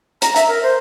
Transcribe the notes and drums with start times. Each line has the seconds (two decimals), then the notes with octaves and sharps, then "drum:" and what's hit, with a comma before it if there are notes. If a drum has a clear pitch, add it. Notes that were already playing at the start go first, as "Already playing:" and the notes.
0.22 A#5, drum: hi-hat
0.36 E5, drum: hi-hat
0.48 A#4
0.63 C5